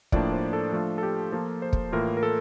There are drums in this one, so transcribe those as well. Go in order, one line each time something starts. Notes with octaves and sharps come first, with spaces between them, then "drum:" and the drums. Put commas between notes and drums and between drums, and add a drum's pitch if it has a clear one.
A2 F3 A#3 D4 D5, drum: kick
C5
A4
F3 A3 D4 F4 A4
A4
G4
F3 A#3 F4 A4
C5
drum: kick
A2 E3 A#3 F4 A#4
A#4
A4